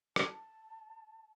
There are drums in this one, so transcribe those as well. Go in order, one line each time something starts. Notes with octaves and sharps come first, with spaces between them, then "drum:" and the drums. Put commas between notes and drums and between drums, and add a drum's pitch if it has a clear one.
A5, drum: rim click